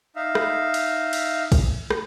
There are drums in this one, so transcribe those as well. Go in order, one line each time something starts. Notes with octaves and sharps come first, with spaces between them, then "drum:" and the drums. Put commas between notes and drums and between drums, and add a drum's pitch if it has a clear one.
D#4 E5 F5
drum: rim click
drum: cymbal
drum: cymbal
drum: kick, cymbal
drum: rim click